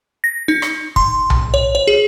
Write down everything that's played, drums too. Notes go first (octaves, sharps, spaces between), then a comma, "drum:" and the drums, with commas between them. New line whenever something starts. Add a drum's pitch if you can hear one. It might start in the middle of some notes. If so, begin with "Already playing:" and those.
A#6
D#4
drum: rim click
C6, drum: kick
drum: tom B1
C#5
C#5
G#4